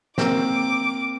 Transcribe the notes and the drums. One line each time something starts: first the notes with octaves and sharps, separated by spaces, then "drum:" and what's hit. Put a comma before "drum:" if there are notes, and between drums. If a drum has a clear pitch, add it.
A#3 C4 D6, drum: snare